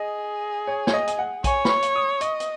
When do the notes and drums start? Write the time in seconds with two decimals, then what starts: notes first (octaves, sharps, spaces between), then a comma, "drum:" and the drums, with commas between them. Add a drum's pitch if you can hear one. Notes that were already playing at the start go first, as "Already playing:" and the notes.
Already playing: G#4 D#5
0.67 C#5
0.87 C#5, drum: snare
0.94 D#5
1.07 G#5, drum: hi-hat
1.19 F#5
1.44 C#5 G#5, drum: kick A#1, hi-hat
1.65 B5, drum: snare
1.69 C#6
1.82 drum: hi-hat
1.96 D#6
2.21 D#5 C#6, drum: hi-hat
2.40 drum: hi-hat